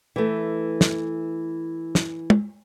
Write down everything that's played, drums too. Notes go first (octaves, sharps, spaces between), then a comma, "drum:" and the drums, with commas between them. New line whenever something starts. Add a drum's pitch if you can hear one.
E3 A3
drum: snare
drum: snare
drum: tom